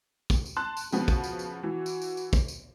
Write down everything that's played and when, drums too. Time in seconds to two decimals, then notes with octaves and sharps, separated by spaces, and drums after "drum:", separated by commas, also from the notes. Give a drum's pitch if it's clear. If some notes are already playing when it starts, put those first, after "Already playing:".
0.30 drum: kick, tambourine
0.46 drum: tambourine
0.56 A5 C6 F#6
0.77 drum: tambourine
0.92 C#3 F3 B3 F#4, drum: tambourine
1.08 drum: kick, tambourine
1.24 drum: tambourine
1.39 drum: tambourine
1.63 E3 F#4
1.86 drum: tambourine
2.02 drum: tambourine
2.17 drum: tambourine
2.33 drum: kick, tambourine
2.48 drum: tambourine